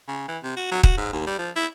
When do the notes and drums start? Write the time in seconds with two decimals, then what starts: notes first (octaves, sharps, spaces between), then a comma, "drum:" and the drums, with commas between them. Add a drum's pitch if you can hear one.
0.08 C#3
0.28 E3
0.43 C3
0.56 F#4
0.71 F#3
0.83 F#4, drum: kick D#1
0.97 G#2
1.13 D#2
1.27 G3
1.38 F3
1.56 E4